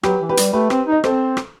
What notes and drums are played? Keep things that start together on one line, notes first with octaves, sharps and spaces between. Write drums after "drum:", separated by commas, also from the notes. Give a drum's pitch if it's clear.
F#3 G4 B4, drum: rim click
E3
G4 B4
G3, drum: hi-hat
A3 G4 B4
C4, drum: rim click
D#4
D#5
C4 A4 C5, drum: rim click
drum: rim click